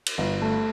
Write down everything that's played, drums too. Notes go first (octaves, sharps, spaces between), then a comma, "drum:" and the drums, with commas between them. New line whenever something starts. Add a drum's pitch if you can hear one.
drum: cymbal
G1
A3